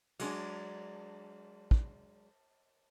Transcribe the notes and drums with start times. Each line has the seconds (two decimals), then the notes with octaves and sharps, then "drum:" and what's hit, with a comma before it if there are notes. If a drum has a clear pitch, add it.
0.19 F#3 G#3 D4, drum: cymbal
1.71 drum: kick